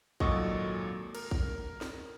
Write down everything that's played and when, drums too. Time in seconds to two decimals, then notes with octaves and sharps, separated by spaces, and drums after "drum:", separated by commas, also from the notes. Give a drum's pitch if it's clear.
0.20 G#1 A#2 F#3 A4 D#5 C#6, drum: kick
1.15 A#4, drum: cymbal
1.31 drum: kick
1.81 drum: snare